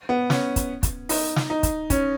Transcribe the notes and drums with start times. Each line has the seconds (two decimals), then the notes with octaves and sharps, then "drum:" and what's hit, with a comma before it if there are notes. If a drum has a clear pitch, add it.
0.09 B3
0.30 C#4, drum: snare
0.56 drum: kick, hi-hat
0.83 drum: kick, hi-hat
1.09 D#4, drum: open hi-hat
1.36 drum: snare
1.50 D#4
1.63 drum: kick, hi-hat
1.90 C#4, drum: kick, hi-hat